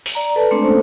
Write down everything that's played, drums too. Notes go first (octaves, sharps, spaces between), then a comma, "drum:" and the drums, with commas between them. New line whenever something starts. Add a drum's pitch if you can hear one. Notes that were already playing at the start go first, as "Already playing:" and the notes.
drum: open hi-hat
D5 A#5
A4 B4 D5 A5
G#3 A3 C4 D4
A#3 C#4 A4 C5